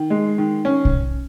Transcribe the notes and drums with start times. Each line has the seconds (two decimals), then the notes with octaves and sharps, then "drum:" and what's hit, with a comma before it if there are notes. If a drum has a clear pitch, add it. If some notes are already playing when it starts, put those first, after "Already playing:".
Already playing: D#3
0.10 G#3
0.38 D#3
0.65 C#4
0.85 drum: kick B1